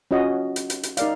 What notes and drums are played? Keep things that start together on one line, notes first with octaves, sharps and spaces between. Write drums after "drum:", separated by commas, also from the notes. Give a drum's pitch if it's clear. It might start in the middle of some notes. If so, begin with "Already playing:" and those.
C#4 F4 F#4 D#5
drum: hi-hat
drum: hi-hat
drum: hi-hat
D#4 A#4 D5 F5, drum: hi-hat